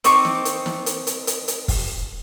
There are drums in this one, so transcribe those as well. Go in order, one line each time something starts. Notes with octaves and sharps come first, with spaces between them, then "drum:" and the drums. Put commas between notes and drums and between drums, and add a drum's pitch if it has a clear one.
C4 D#4 C#6 D6, drum: hi-hat
drum: snare
drum: hi-hat
drum: snare
drum: hi-hat
drum: hi-hat
drum: hi-hat
drum: hi-hat
drum: kick, open hi-hat